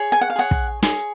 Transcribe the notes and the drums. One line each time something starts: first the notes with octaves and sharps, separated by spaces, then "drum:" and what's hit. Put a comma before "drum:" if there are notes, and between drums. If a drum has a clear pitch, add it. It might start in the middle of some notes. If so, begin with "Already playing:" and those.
Already playing: G#4 C#5
G#5
F#5
F5
G#4 C#5 F#5
drum: kick
G#4 C#5, drum: snare